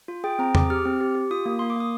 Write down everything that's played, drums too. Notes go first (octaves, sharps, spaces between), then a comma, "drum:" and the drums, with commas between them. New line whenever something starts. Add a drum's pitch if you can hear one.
F4
G#4 G5
C4 A#5
G#4 D6, drum: tom E2
G4 F6
C4
G4
G4
F4 D#6
A#3
A#3 C6
D6
A#3 D#6